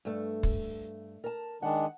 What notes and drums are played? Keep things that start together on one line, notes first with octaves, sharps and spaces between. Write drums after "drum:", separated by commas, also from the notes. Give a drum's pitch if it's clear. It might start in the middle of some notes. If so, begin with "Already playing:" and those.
G2 A3
drum: kick
A#4 A5
D#3 G#3 D4 F#5